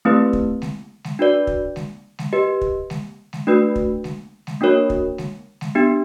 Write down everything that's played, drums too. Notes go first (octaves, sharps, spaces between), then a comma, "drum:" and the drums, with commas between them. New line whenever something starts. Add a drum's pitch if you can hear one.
A3 C4 E4 G4 B4
drum: kick
drum: snare G#3
drum: snare G#3
D4 F#4 B4 D5
drum: kick
drum: snare G#3
drum: snare G#3
G4 B4 D#5
drum: kick
drum: snare G#3
drum: snare G#3
A3 D4 F#4 B4
drum: kick
drum: snare G#3
drum: snare G#3
A#3 D4 F#4 A#4 C#5
drum: kick
drum: snare G#3
drum: snare G#3
B3 D4 G4